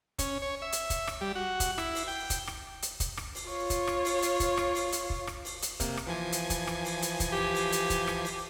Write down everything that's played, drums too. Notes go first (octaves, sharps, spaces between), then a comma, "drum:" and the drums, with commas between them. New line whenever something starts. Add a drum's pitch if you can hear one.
C#4, drum: kick, hi-hat
C#5
E5
drum: hi-hat
drum: kick, hi-hat
drum: rim click
G3
F#4
drum: kick, hi-hat
E4, drum: rim click
drum: open hi-hat
G5
drum: kick, hi-hat
drum: rim click
drum: hi-hat
drum: kick, hi-hat
drum: rim click
drum: open hi-hat
F4 C#5
drum: kick, hi-hat
drum: rim click
drum: open hi-hat
drum: hi-hat
drum: kick, hi-hat
drum: rim click
drum: open hi-hat
drum: hi-hat
drum: kick
drum: rim click
drum: open hi-hat
drum: hi-hat
C3 A#3, drum: kick, hi-hat
drum: rim click
E3 F3 G#5
drum: hi-hat
drum: kick, hi-hat
drum: rim click
drum: open hi-hat
drum: hi-hat
drum: kick, hi-hat
G4
drum: open hi-hat
drum: hi-hat
drum: kick, hi-hat
drum: rim click
drum: open hi-hat